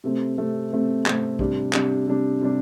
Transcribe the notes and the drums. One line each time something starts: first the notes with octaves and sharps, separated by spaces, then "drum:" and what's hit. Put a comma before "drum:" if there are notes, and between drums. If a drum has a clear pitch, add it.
C3 A3 C4
C3 A3 C4
C3 A3 C4
C3 A3 C4, drum: clap
C3 G3 D4, drum: kick
C3 G3 D4, drum: clap
C3 G3 D4
C3 G3 D4